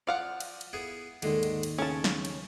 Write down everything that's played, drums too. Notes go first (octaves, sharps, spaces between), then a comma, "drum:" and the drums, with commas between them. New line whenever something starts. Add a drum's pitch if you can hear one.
F3 D5 F5 F#5
drum: cymbal
drum: cymbal
B3 E4 G#4
D#2 G#2 D3 D#3 G#3, drum: cymbal
drum: cymbal
drum: cymbal
C#3 C#4 A5
drum: snare
drum: cymbal